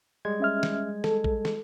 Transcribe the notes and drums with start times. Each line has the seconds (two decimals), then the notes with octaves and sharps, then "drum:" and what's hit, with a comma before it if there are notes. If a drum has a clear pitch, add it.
0.25 G3 G#3 G#6
0.40 C#4 E5 F6
0.63 drum: snare
1.04 A4, drum: snare
1.24 drum: kick
1.45 drum: snare